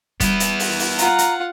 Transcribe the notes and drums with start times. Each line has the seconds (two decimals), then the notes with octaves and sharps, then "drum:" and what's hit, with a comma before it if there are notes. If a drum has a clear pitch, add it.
0.20 G3 B3 C#4 E4, drum: kick, hi-hat
0.40 drum: hi-hat
0.60 drum: open hi-hat
0.79 drum: open hi-hat
0.98 F4 F#5 A#5, drum: hi-hat
1.18 drum: hi-hat